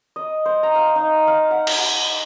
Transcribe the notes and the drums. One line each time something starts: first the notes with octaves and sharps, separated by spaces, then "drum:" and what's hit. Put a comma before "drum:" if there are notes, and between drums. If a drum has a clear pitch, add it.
D#5
C5
A#5
F5
D#4
F5
F#5
drum: cymbal